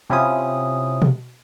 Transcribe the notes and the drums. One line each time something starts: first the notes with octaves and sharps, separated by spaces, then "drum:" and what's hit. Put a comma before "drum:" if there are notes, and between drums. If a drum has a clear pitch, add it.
C3 C4 C#4 E4 F4 D#6
drum: tom B2